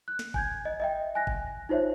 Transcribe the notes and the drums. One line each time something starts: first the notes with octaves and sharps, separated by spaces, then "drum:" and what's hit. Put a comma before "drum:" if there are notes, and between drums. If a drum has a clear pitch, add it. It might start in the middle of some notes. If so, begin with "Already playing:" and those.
F#6
drum: snare
G#5 G6 G#6, drum: kick
D#5
D#5 E5 G5
G#5 F#6 A#6
drum: kick
D#4 F4 C5 C#5 E5